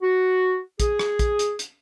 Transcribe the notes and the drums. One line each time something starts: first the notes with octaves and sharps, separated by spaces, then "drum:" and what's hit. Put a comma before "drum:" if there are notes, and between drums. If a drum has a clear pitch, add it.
F#4
G#4, drum: kick, hi-hat
drum: rim click
drum: kick, hi-hat
drum: hi-hat
drum: hi-hat